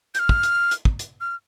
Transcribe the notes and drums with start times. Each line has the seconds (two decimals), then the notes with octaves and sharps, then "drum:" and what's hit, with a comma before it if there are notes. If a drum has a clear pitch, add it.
0.15 G6, drum: hi-hat
0.19 F6
0.29 drum: kick
0.43 drum: hi-hat
0.71 drum: hi-hat
0.85 drum: kick
0.99 drum: hi-hat
1.21 F6